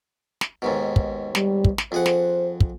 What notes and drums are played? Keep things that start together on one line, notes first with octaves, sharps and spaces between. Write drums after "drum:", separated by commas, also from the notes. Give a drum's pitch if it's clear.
drum: snare
D#2 G#2 B2
drum: kick
G3, drum: snare
drum: kick
drum: snare
F2 G#4 C5 F#5
drum: snare
drum: kick